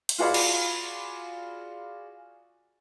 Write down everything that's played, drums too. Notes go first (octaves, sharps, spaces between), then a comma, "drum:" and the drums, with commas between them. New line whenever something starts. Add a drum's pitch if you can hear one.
drum: hi-hat
F4 F#4 G#4 D5 F5 B5
drum: cymbal